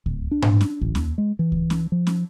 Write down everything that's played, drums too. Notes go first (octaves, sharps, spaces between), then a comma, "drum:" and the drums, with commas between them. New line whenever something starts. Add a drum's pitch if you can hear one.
D1, drum: kick C#2
D4
drum: tom G#2
drum: snare C#4
A1, drum: kick C#2
D#2, drum: snare C#4
G#3
E3
drum: kick C#2
drum: snare C#4
F3
drum: snare C#4